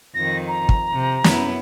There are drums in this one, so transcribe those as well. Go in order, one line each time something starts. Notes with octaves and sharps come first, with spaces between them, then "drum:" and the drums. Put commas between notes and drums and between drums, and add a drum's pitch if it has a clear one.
F2 D#3 A#6
A#5
drum: kick
C3
F#2 B3 E4, drum: snare